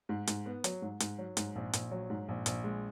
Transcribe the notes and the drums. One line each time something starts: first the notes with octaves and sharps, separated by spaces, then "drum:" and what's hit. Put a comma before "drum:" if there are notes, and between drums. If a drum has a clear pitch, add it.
G#2
G#2, drum: hi-hat
B3
F#3, drum: hi-hat
G#2
G#2, drum: hi-hat
F#3
G#2, drum: hi-hat
A#1
A#1, drum: hi-hat
F#3
G#2
A#1
A#1, drum: hi-hat
G#3